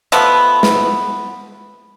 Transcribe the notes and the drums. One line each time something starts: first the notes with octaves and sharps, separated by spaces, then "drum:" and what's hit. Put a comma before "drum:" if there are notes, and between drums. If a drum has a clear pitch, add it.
F3 A3 B3, drum: hi-hat
drum: snare